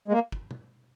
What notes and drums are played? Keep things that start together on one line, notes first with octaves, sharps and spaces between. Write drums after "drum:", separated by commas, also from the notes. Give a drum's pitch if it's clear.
G#3
A#3
drum: kick
drum: tom B2